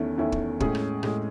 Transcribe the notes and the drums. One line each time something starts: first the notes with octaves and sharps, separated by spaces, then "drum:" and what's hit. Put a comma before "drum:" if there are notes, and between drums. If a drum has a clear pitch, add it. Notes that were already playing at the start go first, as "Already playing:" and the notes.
Already playing: E2 D#3 A3 C#4 E4
E2 D#3 A3 C#4 E4
drum: kick
A2 G#3 C#4 G#4, drum: kick
drum: rim click
A2 G#3 C#4 G#4, drum: rim click